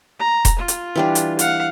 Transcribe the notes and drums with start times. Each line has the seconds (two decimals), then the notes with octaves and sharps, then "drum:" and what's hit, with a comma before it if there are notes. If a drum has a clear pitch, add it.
0.19 A#5
0.45 drum: kick E1, hi-hat
0.59 F4
0.68 drum: hi-hat
0.95 E3 G3 D4
1.15 drum: hi-hat
1.39 F5 F#5, drum: hi-hat